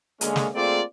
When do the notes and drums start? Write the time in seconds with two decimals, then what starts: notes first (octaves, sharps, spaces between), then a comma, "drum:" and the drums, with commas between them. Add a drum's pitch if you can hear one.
0.21 D3 G#3 A#3 C#4, drum: hi-hat
0.36 drum: snare
0.54 A3 A#3 C4 F4 G#4 D5